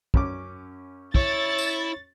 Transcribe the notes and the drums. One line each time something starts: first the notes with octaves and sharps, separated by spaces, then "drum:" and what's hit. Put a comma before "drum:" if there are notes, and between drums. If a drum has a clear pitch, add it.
F#2 C#4 D6, drum: kick
E4 C#5 A6, drum: kick
drum: tambourine